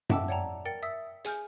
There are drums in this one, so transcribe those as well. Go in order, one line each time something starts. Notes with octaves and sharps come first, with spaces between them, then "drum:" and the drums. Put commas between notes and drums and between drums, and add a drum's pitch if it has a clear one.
E5 F#5 G5 A5 D6 E6, drum: tom F#2
C#5 D5 F#5 G5 A5 A#5
A#4 G5 A6 C#7
E5 D#6 E6 B6
G#4 G#5 F6 G6, drum: hi-hat